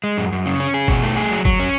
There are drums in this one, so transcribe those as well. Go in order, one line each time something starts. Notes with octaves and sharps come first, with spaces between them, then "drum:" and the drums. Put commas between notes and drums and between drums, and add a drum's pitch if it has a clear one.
G#3
F#2
F#2
C#3
C#4
G#4
B2, drum: kick G1
A3
G#4
F#3
F#3, drum: kick G1
C#4